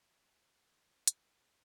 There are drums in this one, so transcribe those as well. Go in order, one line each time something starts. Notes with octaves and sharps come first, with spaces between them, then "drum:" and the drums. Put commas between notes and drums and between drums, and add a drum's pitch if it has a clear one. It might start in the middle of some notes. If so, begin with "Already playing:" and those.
Already playing: G#1 F3
F#2 D#3 A#3 D#4
G#1
F#2 D#3 A#3 D#4, drum: hi-hat